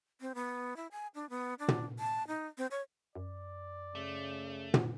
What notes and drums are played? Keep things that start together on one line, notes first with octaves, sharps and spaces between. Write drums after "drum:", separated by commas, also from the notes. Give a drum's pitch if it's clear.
C4
B3
E4
G#5
D4
B3
D4
drum: tom
A5
D#4
C4
C#5
F#2 D5
C#3 A3
drum: tom